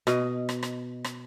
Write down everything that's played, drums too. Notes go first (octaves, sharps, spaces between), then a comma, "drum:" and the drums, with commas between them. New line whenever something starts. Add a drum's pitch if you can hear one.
B2 D#5, drum: rim click
drum: rim click
drum: rim click
drum: rim click